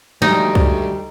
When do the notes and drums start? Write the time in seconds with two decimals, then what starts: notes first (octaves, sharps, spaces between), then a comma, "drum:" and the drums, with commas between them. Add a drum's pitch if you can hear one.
0.22 D2 G3 D#4, drum: tom
0.55 drum: kick C2